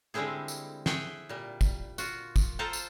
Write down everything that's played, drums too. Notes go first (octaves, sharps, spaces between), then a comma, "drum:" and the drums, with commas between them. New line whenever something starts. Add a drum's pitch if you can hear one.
D3 G3 G#3 C4 E4 G#4
drum: tambourine
G#4 E5 F#5 G5, drum: snare
A#2 G3
drum: kick, tambourine
F4 F#4, drum: tambourine
drum: kick, tambourine
F4 A4 C5 A5 A#5
drum: tambourine